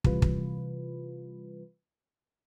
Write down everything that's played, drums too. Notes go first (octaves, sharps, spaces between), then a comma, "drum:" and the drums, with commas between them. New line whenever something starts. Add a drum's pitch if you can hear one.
C3 E3 G3 F4 B4, drum: kick
drum: kick